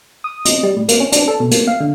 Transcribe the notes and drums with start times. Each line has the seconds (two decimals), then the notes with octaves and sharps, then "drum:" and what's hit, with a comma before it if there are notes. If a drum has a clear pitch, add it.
0.24 D#6
0.45 D#5, drum: hi-hat
0.63 G3
0.77 A2
0.89 A#3, drum: hi-hat
1.00 C#4
1.12 D4, drum: hi-hat
1.28 A4
1.40 B2
1.51 A#3, drum: hi-hat
1.68 F5
1.80 D3